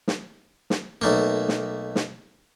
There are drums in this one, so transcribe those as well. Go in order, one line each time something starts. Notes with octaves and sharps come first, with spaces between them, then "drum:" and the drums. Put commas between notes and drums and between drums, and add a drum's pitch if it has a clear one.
drum: snare
drum: snare
B1 A3 A#3
drum: snare
drum: snare